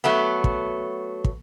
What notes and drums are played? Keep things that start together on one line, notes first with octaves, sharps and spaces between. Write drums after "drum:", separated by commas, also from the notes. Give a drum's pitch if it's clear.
F#3 A3 B3
drum: kick
drum: kick